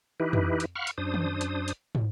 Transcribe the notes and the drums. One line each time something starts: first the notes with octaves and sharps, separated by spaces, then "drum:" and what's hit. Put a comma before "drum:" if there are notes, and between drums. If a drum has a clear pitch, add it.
E3 D#4 E4 G4 B4
drum: tom F2
drum: hi-hat
F5 F#5 B5 C#6 F6
drum: hi-hat
F#2 D4 C5 D#6
drum: tom D#3
drum: hi-hat
drum: hi-hat
drum: tom